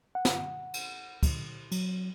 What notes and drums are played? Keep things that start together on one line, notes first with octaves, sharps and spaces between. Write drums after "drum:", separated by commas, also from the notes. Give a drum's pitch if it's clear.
F#5
drum: snare
drum: cymbal
drum: kick, cymbal
F#3, drum: cymbal